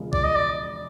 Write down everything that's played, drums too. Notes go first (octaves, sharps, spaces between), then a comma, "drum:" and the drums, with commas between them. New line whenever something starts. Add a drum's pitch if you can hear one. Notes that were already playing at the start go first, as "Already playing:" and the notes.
Already playing: E1 C#3 F3 G#3
D5, drum: kick
D#5
D5